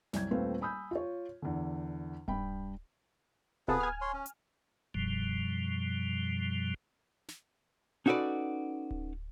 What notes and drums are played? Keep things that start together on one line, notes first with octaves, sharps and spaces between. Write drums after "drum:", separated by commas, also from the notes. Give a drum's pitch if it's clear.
C2 F#2 G#6, drum: snare
D#1 A3 C4 B4 C5 F5
G#5 B5 D#6 E6 G6
F4 C#5
E2 D3
G2 G5 B5, drum: kick D1
C3 B3 F4 G#4 A4 B4, drum: kick D1
G#5 F6
C#5 C6
C#4
drum: hi-hat
F#2 B2 F3 G3, drum: kick D1
drum: snare
C#4 D#4 F#4 A4 B4 D5
drum: kick D1